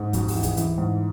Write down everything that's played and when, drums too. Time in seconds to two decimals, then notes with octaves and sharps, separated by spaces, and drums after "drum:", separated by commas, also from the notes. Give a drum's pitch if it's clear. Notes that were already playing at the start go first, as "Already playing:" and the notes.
Already playing: G#2
0.13 F2 F#4, drum: kick D#2, hi-hat
0.28 G4, drum: open hi-hat
0.35 E3
0.43 G#4, drum: kick D#2, hi-hat
0.57 E3, drum: hi-hat
0.78 G#2